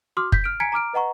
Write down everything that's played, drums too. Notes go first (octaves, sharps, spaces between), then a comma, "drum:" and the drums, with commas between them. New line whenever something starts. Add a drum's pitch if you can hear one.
F#4 C6 D6 D#6 F6
G6 B6, drum: kick
F6 D7
G#5 A#5 G#6 B6 C#7 D7
A#5 D6 F6 D7
B4 D#5 F#5 A#5 C#6